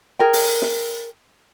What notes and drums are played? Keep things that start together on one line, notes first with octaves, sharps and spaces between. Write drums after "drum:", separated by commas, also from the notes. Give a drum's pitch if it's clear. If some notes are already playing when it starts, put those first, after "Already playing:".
G#4 A#4 G5
drum: open hi-hat
drum: snare